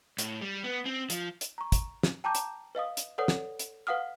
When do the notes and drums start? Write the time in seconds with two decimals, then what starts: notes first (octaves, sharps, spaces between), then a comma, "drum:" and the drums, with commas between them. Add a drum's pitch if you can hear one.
0.18 A2, drum: hi-hat
0.42 G3
0.64 B3
0.86 C4
1.10 F3, drum: hi-hat
1.41 drum: hi-hat
1.58 A#5 C#6
1.72 drum: kick, hi-hat
2.03 drum: snare
2.24 G5 A5 A#5 D6 G6
2.35 drum: hi-hat
2.75 B4 D#5 F5 D#6
2.97 drum: hi-hat
3.18 A4 B4 C#5 D5 F#5 D#6
3.28 drum: snare
3.59 drum: hi-hat
3.87 B4 F5 F#5 D#6 F6